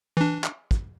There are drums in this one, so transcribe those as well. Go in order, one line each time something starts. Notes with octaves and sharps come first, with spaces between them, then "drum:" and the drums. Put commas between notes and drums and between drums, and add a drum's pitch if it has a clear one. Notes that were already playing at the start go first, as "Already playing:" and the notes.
E3 D4
drum: clap
drum: kick, hi-hat